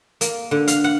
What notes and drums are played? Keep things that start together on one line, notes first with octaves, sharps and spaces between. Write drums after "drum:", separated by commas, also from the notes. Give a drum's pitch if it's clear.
A#3, drum: hi-hat
D3
F5, drum: hi-hat
F#5